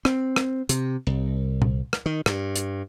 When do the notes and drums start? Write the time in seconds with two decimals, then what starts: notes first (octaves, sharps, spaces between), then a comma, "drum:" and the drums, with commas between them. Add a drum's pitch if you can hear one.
0.05 C4, drum: rim click
0.36 drum: rim click
0.69 C3, drum: hi-hat
1.07 C2
1.62 drum: tom A#2
1.93 drum: rim click
2.06 D#3
2.26 G2, drum: rim click
2.56 drum: hi-hat